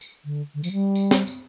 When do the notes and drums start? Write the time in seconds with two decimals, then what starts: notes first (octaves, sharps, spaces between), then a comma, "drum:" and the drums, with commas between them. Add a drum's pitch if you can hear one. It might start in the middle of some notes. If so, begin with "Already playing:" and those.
0.01 drum: tambourine
0.25 D3
0.54 D3
0.64 F3, drum: tambourine
0.72 G3
0.95 drum: tambourine
1.11 drum: snare
1.27 drum: tambourine